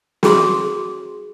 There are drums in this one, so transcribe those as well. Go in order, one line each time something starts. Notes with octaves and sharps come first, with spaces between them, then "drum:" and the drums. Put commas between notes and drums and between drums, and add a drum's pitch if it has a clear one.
F#4 G#4 C6, drum: snare